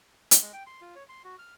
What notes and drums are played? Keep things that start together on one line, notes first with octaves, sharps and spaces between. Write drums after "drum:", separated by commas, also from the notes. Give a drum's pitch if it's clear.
drum: hi-hat
G#3
G5
C6
F4
C#5
C6
F#4
F6